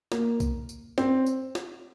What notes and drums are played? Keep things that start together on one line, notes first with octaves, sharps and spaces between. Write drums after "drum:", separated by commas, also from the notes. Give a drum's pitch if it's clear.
A#3, drum: snare
drum: kick B1, tambourine
drum: tambourine
C4, drum: snare
drum: tambourine
drum: snare